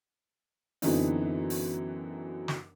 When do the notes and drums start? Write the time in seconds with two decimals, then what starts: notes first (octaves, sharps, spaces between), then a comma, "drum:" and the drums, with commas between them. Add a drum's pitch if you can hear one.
0.82 F#2 D3 E3 B3 C4 D#4, drum: open hi-hat
1.50 drum: open hi-hat
2.48 drum: snare